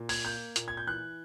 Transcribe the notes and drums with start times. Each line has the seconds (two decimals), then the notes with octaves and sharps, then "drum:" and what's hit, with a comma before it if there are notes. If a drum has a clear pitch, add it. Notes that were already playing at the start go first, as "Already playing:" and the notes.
Already playing: A#2
0.09 G#6, drum: open hi-hat
0.25 A#3 G6
0.56 A#2, drum: hi-hat
0.68 G#6
0.77 G6
0.87 E3 F#6